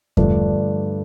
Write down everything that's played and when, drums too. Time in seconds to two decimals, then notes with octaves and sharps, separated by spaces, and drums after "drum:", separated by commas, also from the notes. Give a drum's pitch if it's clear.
0.17 G2 D3 F3 A3 D4, drum: kick E2